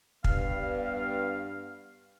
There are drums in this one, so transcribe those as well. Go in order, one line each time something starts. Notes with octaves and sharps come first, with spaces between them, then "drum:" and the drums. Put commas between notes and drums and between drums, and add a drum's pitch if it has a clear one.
G2 B3 F5, drum: kick